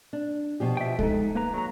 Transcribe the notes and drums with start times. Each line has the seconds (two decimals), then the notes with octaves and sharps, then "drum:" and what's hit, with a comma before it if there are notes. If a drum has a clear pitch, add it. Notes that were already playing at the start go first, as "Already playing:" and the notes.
0.13 D4
0.60 B2 F3 G4
0.77 E5 G5
0.99 G#3 D#4 A4, drum: kick C2
1.35 A#3 B4 A#5
1.54 F#3 A#5